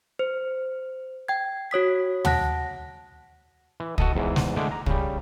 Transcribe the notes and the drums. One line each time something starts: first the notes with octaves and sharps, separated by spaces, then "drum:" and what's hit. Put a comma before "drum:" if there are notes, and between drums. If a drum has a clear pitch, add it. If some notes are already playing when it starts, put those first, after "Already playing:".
C5
G5 G#6
F#4 C#5 D#6 B6
F#5 A5 F#6 A#6, drum: tom
E3
F#4 A4 D#5, drum: kick
E2 G#2 E3
drum: snare
D3 G#3 A3 D5
A#5
C#3 G3, drum: kick